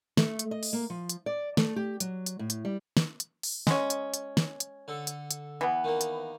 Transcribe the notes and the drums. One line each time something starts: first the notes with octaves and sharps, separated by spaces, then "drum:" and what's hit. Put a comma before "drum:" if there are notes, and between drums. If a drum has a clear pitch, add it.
A3, drum: snare
drum: hi-hat
D#5
drum: open hi-hat
A#3
F3
drum: hi-hat
D5
A3, drum: snare
G4
F#3, drum: hi-hat
drum: hi-hat
A2
drum: hi-hat
G3
drum: snare
drum: hi-hat
drum: open hi-hat
G#3 C#4, drum: snare
drum: hi-hat
drum: hi-hat
drum: snare
drum: hi-hat
D3 A4
drum: hi-hat
drum: hi-hat
E3 B3
D#3 A#3
drum: hi-hat